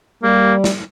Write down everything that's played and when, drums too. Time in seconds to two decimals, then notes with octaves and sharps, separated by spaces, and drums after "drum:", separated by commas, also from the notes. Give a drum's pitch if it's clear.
0.23 G3 A#3
0.64 drum: snare